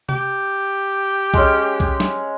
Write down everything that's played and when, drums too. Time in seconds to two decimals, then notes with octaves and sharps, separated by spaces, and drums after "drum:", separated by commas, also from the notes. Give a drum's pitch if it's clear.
0.09 G4, drum: tom C3
1.34 G#3 C#4, drum: kick C2
1.80 drum: kick C2
2.00 drum: snare